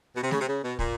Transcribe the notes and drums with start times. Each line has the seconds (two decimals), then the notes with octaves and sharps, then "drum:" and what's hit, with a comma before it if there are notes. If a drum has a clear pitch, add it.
0.15 B2
0.22 C3
0.31 C#3, drum: snare A3
0.40 C3
0.47 C#3
0.63 B2
0.79 A#2, drum: kick